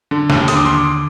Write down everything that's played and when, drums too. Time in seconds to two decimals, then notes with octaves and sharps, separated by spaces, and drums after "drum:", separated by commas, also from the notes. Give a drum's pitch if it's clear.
0.11 D3
0.30 D#2, drum: snare
0.48 D3 D#6, drum: hi-hat
0.56 D6
0.65 D3 C6
0.74 D6